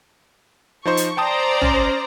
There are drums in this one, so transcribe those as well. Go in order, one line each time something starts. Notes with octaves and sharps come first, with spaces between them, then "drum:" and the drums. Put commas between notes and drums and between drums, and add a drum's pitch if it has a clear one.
F3 D#4 C5 C#6
drum: hi-hat
C5 D5 G5 A5 A#5 D#6
C#4, drum: tom A1